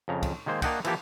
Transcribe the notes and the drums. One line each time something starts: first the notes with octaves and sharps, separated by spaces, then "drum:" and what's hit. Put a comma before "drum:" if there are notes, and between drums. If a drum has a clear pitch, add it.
F2 C#3 A#5
drum: kick, cymbal
D#3 G#3 A#3 C5
A#3 D4 D#5 F#5 G5, drum: kick, cymbal
E3 F3 A#3 G4 A4, drum: cymbal